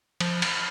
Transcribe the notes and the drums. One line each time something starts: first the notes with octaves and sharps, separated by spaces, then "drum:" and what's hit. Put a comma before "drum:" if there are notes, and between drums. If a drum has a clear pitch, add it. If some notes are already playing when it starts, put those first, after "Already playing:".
F3, drum: cymbal
drum: cymbal